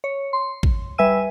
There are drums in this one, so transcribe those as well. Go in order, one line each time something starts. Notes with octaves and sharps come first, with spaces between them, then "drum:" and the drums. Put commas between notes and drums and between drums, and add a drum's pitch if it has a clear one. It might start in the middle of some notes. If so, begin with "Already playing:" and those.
C#5
C6
drum: kick
G3 B4 E5 G#5 E6 D#7